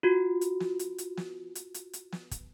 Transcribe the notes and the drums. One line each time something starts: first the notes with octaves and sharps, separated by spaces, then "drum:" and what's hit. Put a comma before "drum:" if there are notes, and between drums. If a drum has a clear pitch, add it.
F4 F#4
drum: hi-hat
drum: snare
drum: hi-hat
drum: hi-hat
drum: snare
drum: hi-hat
drum: hi-hat
drum: hi-hat
drum: snare
drum: kick, hi-hat